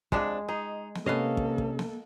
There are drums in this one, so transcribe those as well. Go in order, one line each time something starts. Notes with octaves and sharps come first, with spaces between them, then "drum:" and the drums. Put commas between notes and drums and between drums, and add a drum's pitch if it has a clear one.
C3 F3 G#3 D4 G#4, drum: kick
D#4 G#4
drum: snare
C3 A#3 B3 C#4 A4 C#5 D#5 F5
drum: kick
drum: kick
drum: snare